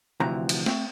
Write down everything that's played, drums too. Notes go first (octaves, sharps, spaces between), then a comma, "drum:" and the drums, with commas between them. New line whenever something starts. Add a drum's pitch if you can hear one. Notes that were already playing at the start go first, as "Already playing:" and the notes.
D2 C3 E3 F3 A#5
drum: cymbal
A3 C4, drum: snare